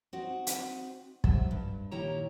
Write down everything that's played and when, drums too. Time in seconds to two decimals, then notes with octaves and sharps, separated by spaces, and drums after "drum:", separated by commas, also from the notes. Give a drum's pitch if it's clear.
0.13 C4 D#4 F#4 C5
0.47 drum: hi-hat
1.24 F#3 C5 E5, drum: kick
1.51 G2
1.91 A#2 D#3 E4 G4 C#5 A#5